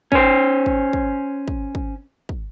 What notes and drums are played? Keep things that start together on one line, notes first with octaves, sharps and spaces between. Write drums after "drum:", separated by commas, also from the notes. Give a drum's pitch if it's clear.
C#4 C5, drum: kick
drum: kick
drum: kick
drum: kick
drum: kick
drum: kick